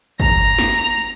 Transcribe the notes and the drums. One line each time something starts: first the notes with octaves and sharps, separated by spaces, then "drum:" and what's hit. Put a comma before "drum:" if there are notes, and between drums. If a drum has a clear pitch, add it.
A#5, drum: kick, tambourine
drum: snare
drum: tambourine